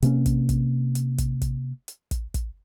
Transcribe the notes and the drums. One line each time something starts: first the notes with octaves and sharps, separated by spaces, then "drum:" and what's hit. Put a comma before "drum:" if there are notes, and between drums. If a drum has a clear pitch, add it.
C3 A#3 C#4, drum: hi-hat
drum: kick, hi-hat
drum: kick, hi-hat
drum: hi-hat
drum: kick, hi-hat
drum: kick, hi-hat
drum: hi-hat
drum: kick, hi-hat
drum: kick, hi-hat